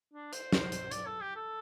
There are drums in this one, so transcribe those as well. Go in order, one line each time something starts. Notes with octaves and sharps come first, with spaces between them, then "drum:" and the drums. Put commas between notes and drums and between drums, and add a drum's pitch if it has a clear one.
D4
C5, drum: hi-hat
drum: snare
drum: hi-hat
D5, drum: hi-hat
A4
G4
A4